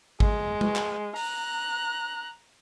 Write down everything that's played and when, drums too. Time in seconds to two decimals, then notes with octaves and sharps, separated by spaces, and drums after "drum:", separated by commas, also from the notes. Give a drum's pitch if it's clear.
0.20 G#3, drum: kick G#1
0.61 drum: tom G#3
0.75 drum: clap
1.16 A#5 F#6, drum: open hi-hat